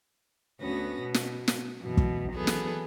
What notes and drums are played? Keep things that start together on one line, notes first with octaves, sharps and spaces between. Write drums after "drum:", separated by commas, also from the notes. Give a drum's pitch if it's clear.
D2 B3 C#4 F#4 B4 A#6
B2
drum: snare
drum: snare
F#2 B2 E3
drum: kick
D#3 E3 F#3 B3 G#4 A4
drum: snare